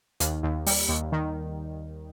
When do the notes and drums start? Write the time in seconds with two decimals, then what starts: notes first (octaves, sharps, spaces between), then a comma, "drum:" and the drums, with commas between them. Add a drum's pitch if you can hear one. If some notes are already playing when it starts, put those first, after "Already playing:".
0.20 D#2, drum: hi-hat
0.43 D#2
0.66 G3, drum: open hi-hat
0.89 D#2
1.12 D#3